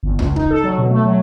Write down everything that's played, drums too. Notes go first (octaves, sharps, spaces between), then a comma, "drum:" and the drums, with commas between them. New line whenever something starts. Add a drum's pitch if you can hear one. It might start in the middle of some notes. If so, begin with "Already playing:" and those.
G1
C#2, drum: tom E2
D#4, drum: kick C#1
A4
F#3
B2
A3
F#3